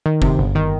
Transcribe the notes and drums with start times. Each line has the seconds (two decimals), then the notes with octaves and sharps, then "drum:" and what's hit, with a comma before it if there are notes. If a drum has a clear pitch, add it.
0.06 D#3
0.22 C3, drum: kick F#1
0.39 G1
0.55 D#3